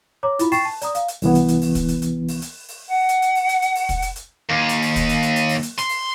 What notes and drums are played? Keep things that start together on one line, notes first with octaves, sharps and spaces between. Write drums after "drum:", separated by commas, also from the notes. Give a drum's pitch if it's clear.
C#5 A#5 D6
E4 F4 B5, drum: hi-hat
G5 C#6 A6 C7 E7, drum: open hi-hat
A5
D5 A#5 D#6, drum: hi-hat
F5, drum: hi-hat
drum: hi-hat
C2 E3 B3, drum: open hi-hat
drum: hi-hat
drum: hi-hat
drum: open hi-hat
drum: kick, hi-hat
drum: hi-hat
drum: hi-hat
drum: open hi-hat
drum: hi-hat
drum: open hi-hat
F#5
drum: hi-hat
drum: hi-hat
drum: open hi-hat
drum: hi-hat
drum: hi-hat
drum: open hi-hat
drum: kick, hi-hat
drum: hi-hat
drum: hi-hat
D#2
drum: hi-hat
drum: open hi-hat
drum: kick, hi-hat
drum: hi-hat
drum: hi-hat
drum: hi-hat
drum: open hi-hat
drum: hi-hat
C6, drum: hi-hat
drum: open hi-hat